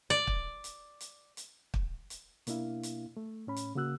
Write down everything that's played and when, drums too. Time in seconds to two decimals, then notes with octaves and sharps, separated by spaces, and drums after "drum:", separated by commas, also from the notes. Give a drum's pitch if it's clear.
0.10 D5
0.27 drum: kick
0.64 drum: hi-hat
1.00 drum: hi-hat
1.37 drum: hi-hat
1.74 drum: kick
2.10 drum: hi-hat
2.47 B2 A#3 D4 E4 F5, drum: hi-hat
2.83 drum: hi-hat
3.17 A3
3.47 A2 C#4 B5
3.56 drum: hi-hat
3.75 C#3 A#3 F#4 E6 F#6